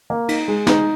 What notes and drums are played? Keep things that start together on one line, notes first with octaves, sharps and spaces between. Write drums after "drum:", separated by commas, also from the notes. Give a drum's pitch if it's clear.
A#3
D#4, drum: cymbal
G#3
D#4, drum: snare